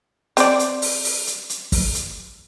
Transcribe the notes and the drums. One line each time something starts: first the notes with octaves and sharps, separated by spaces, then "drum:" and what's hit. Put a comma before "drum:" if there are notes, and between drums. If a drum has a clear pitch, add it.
C4 C5 D5, drum: hi-hat
drum: hi-hat
drum: open hi-hat
drum: open hi-hat
drum: hi-hat
drum: hi-hat
drum: kick, open hi-hat
drum: hi-hat